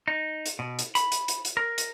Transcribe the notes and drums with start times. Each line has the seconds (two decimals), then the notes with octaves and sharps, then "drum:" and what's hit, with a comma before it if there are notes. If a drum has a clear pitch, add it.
0.08 D#4
0.46 drum: hi-hat
0.59 B2
0.79 drum: hi-hat
0.95 B5, drum: hi-hat
1.12 drum: hi-hat
1.28 drum: hi-hat
1.45 drum: hi-hat
1.57 A#4
1.78 drum: hi-hat